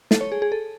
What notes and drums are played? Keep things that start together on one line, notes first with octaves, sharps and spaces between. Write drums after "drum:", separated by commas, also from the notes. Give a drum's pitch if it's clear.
A4, drum: snare
C#5
G#4
G#4
A4